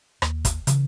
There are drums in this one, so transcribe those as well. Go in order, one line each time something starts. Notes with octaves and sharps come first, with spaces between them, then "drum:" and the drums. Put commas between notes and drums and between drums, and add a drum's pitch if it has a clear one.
D#2, drum: rim click
drum: kick, hi-hat
C#3 E3, drum: hi-hat